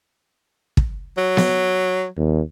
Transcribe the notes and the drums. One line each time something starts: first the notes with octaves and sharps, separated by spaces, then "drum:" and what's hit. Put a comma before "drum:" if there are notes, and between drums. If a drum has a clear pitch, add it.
drum: kick
F#3
drum: snare B3
D#2